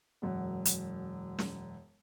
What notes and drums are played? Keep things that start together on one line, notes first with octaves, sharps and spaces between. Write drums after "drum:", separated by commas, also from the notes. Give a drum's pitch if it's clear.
E1 F#2 F#5
drum: hi-hat
drum: snare